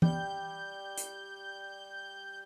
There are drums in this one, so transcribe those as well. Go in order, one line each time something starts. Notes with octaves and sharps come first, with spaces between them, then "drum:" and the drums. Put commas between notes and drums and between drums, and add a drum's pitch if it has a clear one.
G3 G6, drum: tom
drum: hi-hat